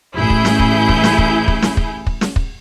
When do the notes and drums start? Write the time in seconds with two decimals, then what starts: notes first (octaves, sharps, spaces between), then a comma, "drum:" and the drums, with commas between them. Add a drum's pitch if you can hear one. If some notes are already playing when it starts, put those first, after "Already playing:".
0.15 A1 E4 G#4 G6
0.30 drum: kick
0.45 drum: snare
0.59 drum: kick
0.89 drum: kick
1.04 drum: snare
1.18 drum: kick
1.48 drum: kick
1.62 drum: snare
1.77 drum: kick
2.07 drum: kick
2.21 drum: snare
2.36 drum: kick